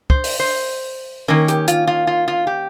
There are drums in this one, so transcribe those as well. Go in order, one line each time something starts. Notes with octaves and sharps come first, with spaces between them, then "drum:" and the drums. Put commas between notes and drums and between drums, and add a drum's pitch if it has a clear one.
C5, drum: kick
drum: open hi-hat
C5
D#3 A#3 C#4 A#4
G4, drum: hi-hat
F4, drum: hi-hat
F4
F4
F4
G4